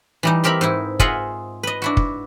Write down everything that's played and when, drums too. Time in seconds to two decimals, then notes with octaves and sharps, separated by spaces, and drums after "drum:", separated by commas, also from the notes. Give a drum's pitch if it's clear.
0.23 E3 G3 D#4
0.44 C4 G4 A#4 E5 B5
0.61 G#2 D#4 E4
1.00 F4 G#4 D#5 E5 F#5, drum: kick
1.63 B4 D#5
1.82 D4 E4 F#4
1.97 drum: kick